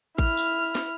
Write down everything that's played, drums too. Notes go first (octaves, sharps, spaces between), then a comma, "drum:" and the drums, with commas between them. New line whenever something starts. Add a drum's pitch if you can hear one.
E4 F6, drum: kick A1
drum: tambourine
drum: snare